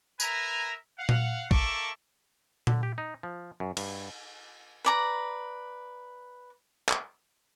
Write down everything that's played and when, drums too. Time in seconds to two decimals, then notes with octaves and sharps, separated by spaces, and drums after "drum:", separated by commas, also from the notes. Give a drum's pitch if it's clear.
0.20 A#4 B4 E5 G#5 A#5, drum: tambourine
0.98 F5 F#5
1.09 drum: tom A#2
1.51 A#3 A4 E5 A5 C#6 D6, drum: kick
2.67 D3, drum: tom A#2
2.83 G4
2.98 D#4
3.23 F3
3.60 F#2
3.77 G2, drum: cymbal
4.85 B4 D5 A#5
6.89 drum: clap